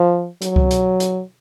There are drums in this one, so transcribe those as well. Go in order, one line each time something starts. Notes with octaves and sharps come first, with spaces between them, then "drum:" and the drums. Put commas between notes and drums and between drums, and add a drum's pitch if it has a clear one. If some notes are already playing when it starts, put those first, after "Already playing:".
Already playing: F3
F#3, drum: hi-hat
drum: kick C2
drum: hi-hat
drum: hi-hat